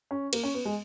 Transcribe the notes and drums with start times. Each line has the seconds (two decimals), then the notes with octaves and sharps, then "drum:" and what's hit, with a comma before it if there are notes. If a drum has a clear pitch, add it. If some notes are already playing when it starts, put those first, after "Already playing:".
0.11 C#4
0.33 A#3, drum: cymbal
0.44 C#4
0.54 B3
0.65 G#3